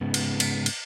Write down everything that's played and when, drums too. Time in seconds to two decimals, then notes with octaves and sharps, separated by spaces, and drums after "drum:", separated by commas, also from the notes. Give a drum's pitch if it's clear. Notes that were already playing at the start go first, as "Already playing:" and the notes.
0.01 G#2 C#3 B3
0.14 drum: cymbal
0.40 drum: cymbal
0.66 drum: cymbal